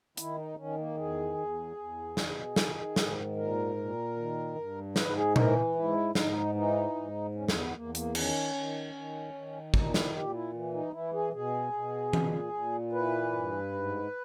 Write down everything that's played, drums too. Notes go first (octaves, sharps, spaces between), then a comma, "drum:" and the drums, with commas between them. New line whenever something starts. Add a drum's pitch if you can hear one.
D#3 E4, drum: hi-hat
D#4
D#3 C#4
A#3
E2 G#4
E2
E2
B2, drum: snare
D#3, drum: snare
G#2, drum: snare
A#2 A#4
A#2
D#3
G2
G#2 B4, drum: snare
G#4
E3 A#4, drum: tom A#2
G#2 E4
G#2 D#4, drum: snare
E3 D#4
G#2
E2 C#4
C#4, drum: snare
B3
E2 A#3
A#3, drum: hi-hat
D#3 C#4, drum: cymbal
D#3
D#3
D#3
A#2 D#4, drum: kick
E4, drum: snare
A#2 G4
E4
E3
D#4
E3 E4
G#4
B2 G#4
B2
A#2, drum: tom E3
A#2
E3 B4
G2
G#2